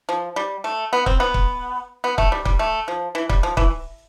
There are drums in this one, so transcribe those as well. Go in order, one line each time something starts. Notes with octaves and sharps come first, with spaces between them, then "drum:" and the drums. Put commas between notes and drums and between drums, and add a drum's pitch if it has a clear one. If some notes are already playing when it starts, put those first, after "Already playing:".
F3
G3
A3
B3
C4, drum: kick
B3
drum: kick
B3
A3, drum: kick
G3
G3, drum: kick
A3
F3
E3
G3, drum: kick
F3
E3, drum: kick